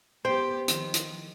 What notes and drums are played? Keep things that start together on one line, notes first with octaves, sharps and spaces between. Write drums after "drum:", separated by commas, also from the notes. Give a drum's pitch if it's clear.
B3 G4 C5 G5
D#3 F3, drum: hi-hat
drum: hi-hat